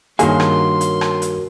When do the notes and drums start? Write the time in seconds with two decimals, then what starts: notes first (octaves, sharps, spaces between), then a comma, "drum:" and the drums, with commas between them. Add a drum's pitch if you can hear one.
0.19 G2 D#3 A#3 F#4 G#4 A#4 C#5 C6, drum: hi-hat
0.40 drum: rim click
0.81 drum: hi-hat
1.01 drum: rim click
1.22 drum: hi-hat